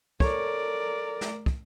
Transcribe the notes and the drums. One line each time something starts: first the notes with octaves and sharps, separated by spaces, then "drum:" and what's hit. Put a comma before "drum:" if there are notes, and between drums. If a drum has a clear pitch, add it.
A4 A#4 C#5 D5, drum: kick
drum: snare
drum: kick